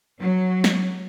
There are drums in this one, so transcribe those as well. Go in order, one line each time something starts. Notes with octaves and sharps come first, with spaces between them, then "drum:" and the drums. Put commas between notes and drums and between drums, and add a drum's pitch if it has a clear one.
F#3
drum: snare